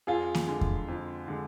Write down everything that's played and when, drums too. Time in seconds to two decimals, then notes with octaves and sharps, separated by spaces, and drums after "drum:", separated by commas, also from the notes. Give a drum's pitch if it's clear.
0.07 F2 F4 G#4
0.35 drum: snare A#3
0.48 D3 G#3
0.61 drum: kick E2
0.88 F2
1.28 D3 G#3